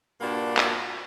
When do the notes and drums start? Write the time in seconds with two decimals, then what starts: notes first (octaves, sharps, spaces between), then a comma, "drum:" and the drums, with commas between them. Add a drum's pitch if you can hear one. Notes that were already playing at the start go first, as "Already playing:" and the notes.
0.20 G2 A#2 A#3 D4 F#4
0.57 drum: clap